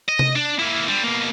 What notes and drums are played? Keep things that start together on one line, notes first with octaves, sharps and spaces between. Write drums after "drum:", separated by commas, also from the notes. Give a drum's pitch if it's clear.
D#5
drum: tom C3
D4
A#3 E4
D3 G3
B2 A#3